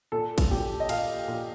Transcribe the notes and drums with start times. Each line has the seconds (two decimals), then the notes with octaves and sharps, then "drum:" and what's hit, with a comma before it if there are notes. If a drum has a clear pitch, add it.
0.12 A#2 A4
0.38 drum: kick, cymbal
0.51 A#2 G4
0.80 D#5
0.89 A#2 F5, drum: cymbal
1.28 A#2